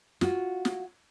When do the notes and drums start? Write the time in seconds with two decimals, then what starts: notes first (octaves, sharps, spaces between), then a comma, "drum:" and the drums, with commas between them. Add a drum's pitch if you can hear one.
0.21 F4 F#4, drum: snare
0.65 drum: snare